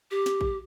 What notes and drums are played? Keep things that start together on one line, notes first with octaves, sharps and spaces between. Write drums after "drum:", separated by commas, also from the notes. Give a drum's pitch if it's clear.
G4
drum: snare
drum: kick A#1